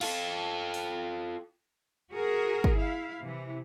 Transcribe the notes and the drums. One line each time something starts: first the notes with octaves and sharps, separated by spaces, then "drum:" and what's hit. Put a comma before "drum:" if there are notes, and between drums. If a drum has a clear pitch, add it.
F4 A4, drum: cymbal
drum: open hi-hat
F#4 G#4 A#4
drum: kick
E4 F5
C3 E3